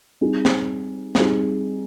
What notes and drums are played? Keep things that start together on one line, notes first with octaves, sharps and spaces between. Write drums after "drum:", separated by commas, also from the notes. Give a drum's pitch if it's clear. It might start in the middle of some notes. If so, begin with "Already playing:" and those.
G3 C4 D#4 G#4
drum: snare
G3 C4 D#4 G#4, drum: snare